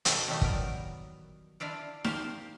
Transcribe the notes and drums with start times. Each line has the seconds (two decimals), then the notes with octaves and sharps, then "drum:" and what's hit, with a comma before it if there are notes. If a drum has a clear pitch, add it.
0.05 B2 F#4 A4 A5, drum: hi-hat
0.27 D#3 E3 F#3 G3 A3 B3
0.42 B3 A#4, drum: kick
1.60 D4 E4 F4 D5
2.04 G4 A#4 C5 F5 A5, drum: snare D#4